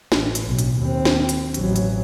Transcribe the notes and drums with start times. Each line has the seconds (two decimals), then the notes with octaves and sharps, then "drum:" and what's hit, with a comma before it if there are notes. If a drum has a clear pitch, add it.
0.12 A1, drum: snare
0.35 drum: hi-hat
0.45 B1
0.59 drum: hi-hat
0.79 D#2 C4
1.05 drum: snare
1.29 drum: hi-hat
1.54 A1 F#3, drum: hi-hat
1.76 drum: hi-hat